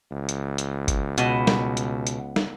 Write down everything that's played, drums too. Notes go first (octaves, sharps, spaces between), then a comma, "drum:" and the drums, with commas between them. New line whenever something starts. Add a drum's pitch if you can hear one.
C#2
drum: hi-hat
drum: hi-hat
drum: kick, hi-hat
B2, drum: hi-hat
drum: snare
drum: hi-hat
drum: hi-hat
drum: snare